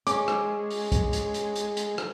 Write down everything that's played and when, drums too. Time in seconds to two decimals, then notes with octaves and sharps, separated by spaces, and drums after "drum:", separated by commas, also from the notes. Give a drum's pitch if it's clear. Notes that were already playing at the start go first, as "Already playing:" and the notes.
0.07 G#3 C#4 D6, drum: hi-hat
0.28 drum: rim click
0.70 drum: open hi-hat
0.92 drum: kick, hi-hat
1.13 drum: hi-hat
1.34 drum: hi-hat
1.56 drum: hi-hat
1.77 drum: hi-hat
1.98 drum: rim click